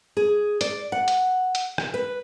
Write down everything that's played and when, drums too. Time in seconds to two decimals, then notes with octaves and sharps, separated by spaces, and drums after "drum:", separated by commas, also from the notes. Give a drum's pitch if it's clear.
0.17 G#4
0.61 D5, drum: hi-hat
0.92 F#5
1.08 drum: hi-hat
1.55 drum: hi-hat
1.78 drum: rim click
1.94 B4